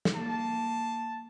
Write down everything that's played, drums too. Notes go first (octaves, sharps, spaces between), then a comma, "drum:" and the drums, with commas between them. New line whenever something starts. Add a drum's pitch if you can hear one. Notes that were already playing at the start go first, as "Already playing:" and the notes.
drum: snare
A#3 A5